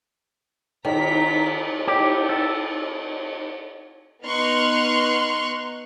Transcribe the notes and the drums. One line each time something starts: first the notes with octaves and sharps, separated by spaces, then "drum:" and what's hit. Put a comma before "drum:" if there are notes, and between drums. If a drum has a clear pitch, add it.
D#3 A#5 B6, drum: cymbal
G4, drum: cymbal
A4
B3 D#4 C6 C#6 F6 F#6